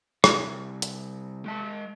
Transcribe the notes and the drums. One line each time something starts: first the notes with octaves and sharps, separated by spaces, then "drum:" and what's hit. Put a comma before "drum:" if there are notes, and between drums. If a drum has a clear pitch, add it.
C2, drum: rim click
drum: hi-hat
G#3 A5